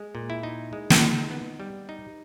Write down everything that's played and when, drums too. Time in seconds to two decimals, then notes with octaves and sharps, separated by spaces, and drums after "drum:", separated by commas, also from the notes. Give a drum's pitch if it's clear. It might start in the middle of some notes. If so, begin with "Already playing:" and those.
Already playing: G#3
0.15 A#2
0.30 E4
0.43 D#4
0.73 G#3
0.90 drum: snare
1.02 D#4
1.30 B3
1.60 G3
1.89 D#4